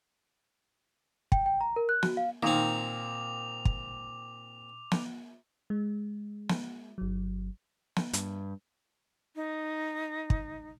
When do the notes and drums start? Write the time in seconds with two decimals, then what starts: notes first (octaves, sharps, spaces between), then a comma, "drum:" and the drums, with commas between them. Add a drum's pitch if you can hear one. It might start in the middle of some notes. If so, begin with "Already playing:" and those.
1.32 G5, drum: kick
1.46 G5
1.61 A#5
1.76 A#4
1.89 F#6
2.03 F#4, drum: snare
2.17 F5
2.43 A#2 D#3 A#3 C4 D6 F7
3.65 drum: kick
4.92 drum: snare
5.70 G#3
6.49 drum: snare
6.98 G1 F#3
7.97 drum: snare
8.13 G2, drum: hi-hat
9.36 D#4
10.30 drum: kick